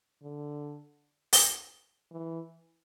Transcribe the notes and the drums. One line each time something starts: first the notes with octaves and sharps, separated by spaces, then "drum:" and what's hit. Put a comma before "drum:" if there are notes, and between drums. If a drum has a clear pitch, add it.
D3
drum: open hi-hat
E3